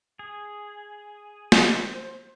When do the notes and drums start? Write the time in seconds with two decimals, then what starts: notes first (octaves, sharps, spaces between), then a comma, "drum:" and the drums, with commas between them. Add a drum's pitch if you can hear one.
0.19 G#4
1.52 C5, drum: snare